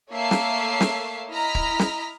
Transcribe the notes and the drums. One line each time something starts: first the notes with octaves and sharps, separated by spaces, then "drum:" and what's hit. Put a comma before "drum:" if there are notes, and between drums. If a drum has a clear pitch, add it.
A3 A#3 C#5 E5 A5 C7
drum: snare
drum: snare
E4 D#5 A#5 F6 B6
drum: kick
drum: snare